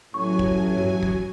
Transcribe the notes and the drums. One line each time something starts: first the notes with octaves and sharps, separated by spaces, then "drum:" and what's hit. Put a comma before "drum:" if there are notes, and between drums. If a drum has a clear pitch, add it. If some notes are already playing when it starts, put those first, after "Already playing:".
A1 A2 F#3 C#4 G#5 C#6
drum: kick
drum: tom G2
drum: kick